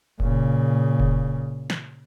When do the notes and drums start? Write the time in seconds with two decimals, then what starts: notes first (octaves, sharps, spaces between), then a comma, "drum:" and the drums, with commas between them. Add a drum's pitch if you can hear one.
0.20 A#2 C#3, drum: kick F1
1.00 drum: kick F1
1.70 drum: snare